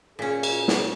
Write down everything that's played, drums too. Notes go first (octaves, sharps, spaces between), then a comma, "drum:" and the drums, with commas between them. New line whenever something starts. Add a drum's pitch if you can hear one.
A#2 C#4 G#4
drum: cymbal
drum: snare